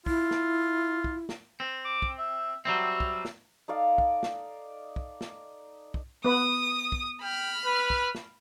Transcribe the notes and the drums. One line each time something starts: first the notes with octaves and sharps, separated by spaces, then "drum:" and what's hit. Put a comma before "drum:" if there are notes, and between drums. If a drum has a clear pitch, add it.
E4 F4, drum: kick
drum: snare
drum: kick
drum: snare
C4
D6
drum: kick
E5
F#3 G3 C4 E5
drum: kick
drum: snare
D#4 A4 D5 F5
drum: kick
drum: snare
drum: kick
drum: snare
drum: kick
B3 B4 D#6
drum: kick
G5 B5 F6
B4
drum: kick
drum: snare